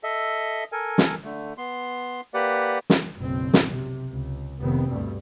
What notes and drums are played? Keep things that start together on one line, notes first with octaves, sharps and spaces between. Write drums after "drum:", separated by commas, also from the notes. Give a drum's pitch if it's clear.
A4 D#5 E5
A4 A#4 G#5
drum: snare
D3 A3
B3 C6
A#3 G4 B4 D5 F#5
drum: snare
F#1 B1 C4
drum: snare
C3
C#2
F1 D#3 B3 C4
D2 G2 B2